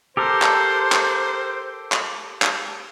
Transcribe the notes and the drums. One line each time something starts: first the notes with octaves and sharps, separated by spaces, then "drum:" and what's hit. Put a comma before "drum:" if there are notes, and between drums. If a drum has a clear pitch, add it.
G4 A4 A#4 C5
drum: clap
drum: clap
drum: clap
drum: clap